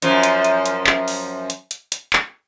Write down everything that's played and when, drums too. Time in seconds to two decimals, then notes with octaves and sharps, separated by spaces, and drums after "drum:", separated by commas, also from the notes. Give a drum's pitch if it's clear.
0.02 F#2 F3, drum: hi-hat
0.23 drum: hi-hat
0.44 drum: hi-hat
0.66 drum: hi-hat
0.87 drum: clap
1.08 drum: open hi-hat
1.50 drum: hi-hat
1.71 drum: hi-hat
1.92 drum: hi-hat
2.13 drum: clap